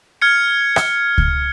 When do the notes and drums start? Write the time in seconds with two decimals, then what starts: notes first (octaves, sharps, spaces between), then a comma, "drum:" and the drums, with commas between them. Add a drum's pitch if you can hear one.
0.22 F6 G#6 C#7
0.76 drum: rim click
1.18 drum: kick C#2